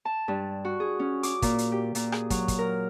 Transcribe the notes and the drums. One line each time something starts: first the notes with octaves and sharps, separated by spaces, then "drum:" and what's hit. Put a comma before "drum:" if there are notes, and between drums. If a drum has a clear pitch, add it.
A5
G2
F#4
G#4
C#4
D6, drum: hi-hat
A#2, drum: kick, hi-hat
drum: hi-hat
G4
A#2, drum: hi-hat
G#4, drum: rim click
F#3, drum: kick, hi-hat
drum: kick, hi-hat
A#4